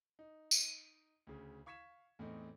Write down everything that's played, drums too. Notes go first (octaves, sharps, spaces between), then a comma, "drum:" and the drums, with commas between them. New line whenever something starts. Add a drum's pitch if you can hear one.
D#4
drum: tambourine
D2 C#3
F5 C#6 G#6 B6 C#7 E7
E2 A2 A3 C4 D#4